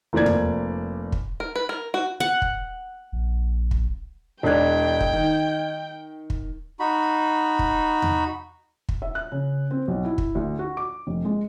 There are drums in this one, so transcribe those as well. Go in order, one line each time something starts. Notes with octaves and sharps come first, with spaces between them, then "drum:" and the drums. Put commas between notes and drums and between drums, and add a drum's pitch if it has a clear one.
F1 F3 A#3 D5 G#6
drum: tom E2
drum: kick
A#4
B4
A#4
F#4
F#5
drum: kick
A#1
drum: kick
E1 D4 D#5 G5 F#6 G#6
drum: kick
D#3
drum: kick
D#4 F#4 B5
drum: kick
drum: tom E2
drum: kick
E5
F#6
C#3
C4
B1
E4
drum: kick
D2
F#4
D6
F1
G#3